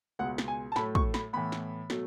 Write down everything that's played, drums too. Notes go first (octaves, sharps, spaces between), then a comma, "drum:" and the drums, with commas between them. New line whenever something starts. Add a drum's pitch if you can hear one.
C#2 B2 G#3 F#5
drum: snare
G#5
A5
A2 F#3 A3 B5, drum: snare
C#6, drum: kick
B5, drum: snare
A2 E3 B3 B5
drum: snare
B2 F#3 A3, drum: snare